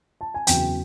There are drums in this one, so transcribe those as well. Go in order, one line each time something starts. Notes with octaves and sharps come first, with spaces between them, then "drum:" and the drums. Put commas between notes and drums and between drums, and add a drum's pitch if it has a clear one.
A5
G#5
E2 C#3 F#3 G5, drum: hi-hat